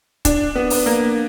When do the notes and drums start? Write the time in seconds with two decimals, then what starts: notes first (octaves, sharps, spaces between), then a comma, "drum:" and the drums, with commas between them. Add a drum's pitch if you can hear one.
0.25 D4, drum: kick, hi-hat
0.55 B3
0.70 drum: open hi-hat
0.86 A#3